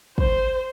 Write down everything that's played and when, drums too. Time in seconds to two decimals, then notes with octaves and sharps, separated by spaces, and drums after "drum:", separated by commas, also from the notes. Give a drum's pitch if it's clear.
0.18 C5, drum: kick